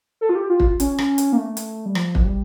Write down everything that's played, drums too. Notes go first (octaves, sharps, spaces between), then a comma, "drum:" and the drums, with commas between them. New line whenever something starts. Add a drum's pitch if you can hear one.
A4
F4
G4
F4
drum: kick
C#4, drum: hi-hat
drum: rim click
drum: hi-hat
A#3
A3
drum: hi-hat
G3
F3, drum: rim click
drum: kick
G3